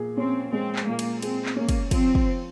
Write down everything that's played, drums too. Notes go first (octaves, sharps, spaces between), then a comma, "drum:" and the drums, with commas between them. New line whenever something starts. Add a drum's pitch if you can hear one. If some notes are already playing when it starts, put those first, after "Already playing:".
Already playing: A#2 G#4
C4 C#4
G#3 C4
drum: clap
A#2 A#3
drum: cymbal
C4 G#4, drum: cymbal
drum: clap
A#3 C#4
drum: kick, cymbal
F3 C4, drum: kick, cymbal
drum: kick